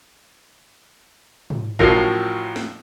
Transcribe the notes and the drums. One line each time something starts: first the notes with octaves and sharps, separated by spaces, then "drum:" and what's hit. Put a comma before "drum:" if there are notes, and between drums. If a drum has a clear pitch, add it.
drum: tom
A1 A2 F3 F#3 A#4 F5, drum: kick G1
drum: snare